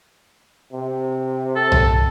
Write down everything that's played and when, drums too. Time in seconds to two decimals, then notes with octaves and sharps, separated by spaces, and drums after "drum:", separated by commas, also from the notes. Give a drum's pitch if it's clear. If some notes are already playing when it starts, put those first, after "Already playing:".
0.73 C3
1.56 A4
1.72 drum: tom B1